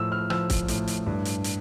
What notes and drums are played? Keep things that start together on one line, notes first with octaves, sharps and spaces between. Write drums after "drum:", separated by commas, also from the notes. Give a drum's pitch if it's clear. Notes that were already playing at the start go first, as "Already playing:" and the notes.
Already playing: A2 F3 E6
F6
F3 E6, drum: rim click
drum: kick, hi-hat
A2, drum: hi-hat
drum: hi-hat
G2
drum: hi-hat
drum: hi-hat